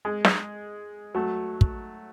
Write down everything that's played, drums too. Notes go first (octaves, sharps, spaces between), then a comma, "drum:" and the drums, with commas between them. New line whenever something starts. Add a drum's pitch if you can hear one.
G#3
drum: snare
F#3 A3
drum: kick